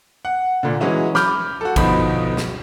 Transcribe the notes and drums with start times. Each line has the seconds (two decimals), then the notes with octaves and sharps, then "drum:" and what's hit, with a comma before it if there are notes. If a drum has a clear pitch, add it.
0.25 F#5
0.63 A#2 D3
0.80 E3 F#3 G#3 C#4 E4
1.15 B5 D6 F6 G6, drum: snare
1.61 F#4 A4
1.76 G1 B2 F3 D#4 B5, drum: kick A1, cymbal
2.37 drum: snare